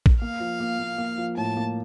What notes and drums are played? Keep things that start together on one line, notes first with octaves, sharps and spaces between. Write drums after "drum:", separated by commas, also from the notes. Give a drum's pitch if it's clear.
drum: kick
A#3 F5
F3
A#3
A#3
A#3
F3
A2 A5
A#3